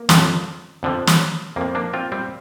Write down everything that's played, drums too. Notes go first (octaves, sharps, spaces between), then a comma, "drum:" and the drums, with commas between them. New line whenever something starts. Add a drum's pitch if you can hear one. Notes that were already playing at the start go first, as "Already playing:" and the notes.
Already playing: A#3
F2 D3 F3, drum: snare
F2 D3 F3
drum: snare
F2 F3 A#3
A#3 D4
C4 F4
G3 C4